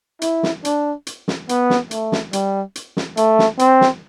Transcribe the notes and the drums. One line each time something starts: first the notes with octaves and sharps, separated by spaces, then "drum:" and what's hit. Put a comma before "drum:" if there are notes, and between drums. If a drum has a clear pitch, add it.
E4, drum: hi-hat
drum: snare
D4, drum: hi-hat
drum: hi-hat
drum: snare
B3, drum: hi-hat
drum: snare
A3, drum: hi-hat
drum: snare
G3, drum: hi-hat
drum: hi-hat
drum: snare
A3, drum: hi-hat
drum: snare
C4, drum: hi-hat
drum: snare